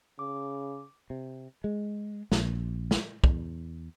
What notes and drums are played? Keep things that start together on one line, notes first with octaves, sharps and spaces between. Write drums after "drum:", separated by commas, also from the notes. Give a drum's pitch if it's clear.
C#3 D6
C3
G#3
A#1, drum: snare
drum: snare
E2, drum: kick